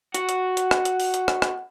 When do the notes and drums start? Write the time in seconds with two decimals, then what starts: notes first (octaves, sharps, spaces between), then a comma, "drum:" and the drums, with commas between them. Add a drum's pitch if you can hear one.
0.14 F#4 F#5, drum: hi-hat
0.29 drum: hi-hat
0.57 drum: hi-hat
0.71 drum: rim click
0.85 drum: hi-hat
1.00 drum: open hi-hat
1.14 drum: hi-hat
1.28 drum: rim click
1.42 drum: rim click